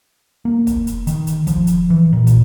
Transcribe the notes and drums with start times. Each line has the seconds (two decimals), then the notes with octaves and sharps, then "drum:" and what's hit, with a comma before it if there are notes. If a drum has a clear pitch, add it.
0.45 A#3
0.67 drum: kick, hi-hat
0.87 drum: hi-hat
1.07 D#3, drum: hi-hat
1.27 drum: hi-hat
1.47 F3, drum: kick, hi-hat
1.67 drum: hi-hat
1.90 E3
2.13 A#2
2.27 drum: kick, hi-hat